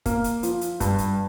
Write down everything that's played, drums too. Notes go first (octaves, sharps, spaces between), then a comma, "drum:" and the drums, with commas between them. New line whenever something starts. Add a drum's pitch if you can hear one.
A#3, drum: kick, hi-hat
drum: hi-hat
F3, drum: hi-hat
drum: hi-hat
G2, drum: kick, hi-hat
drum: hi-hat